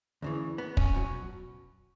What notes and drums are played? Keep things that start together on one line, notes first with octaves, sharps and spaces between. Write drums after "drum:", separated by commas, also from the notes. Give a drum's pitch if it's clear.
D2 C#3 E3
B3
C#4, drum: kick
B2 F#3